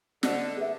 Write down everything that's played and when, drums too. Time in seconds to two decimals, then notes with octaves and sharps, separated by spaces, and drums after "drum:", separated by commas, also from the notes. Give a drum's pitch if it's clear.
0.23 D3 F#4 A4 C5 D#5, drum: snare
0.56 G#4 B4 E5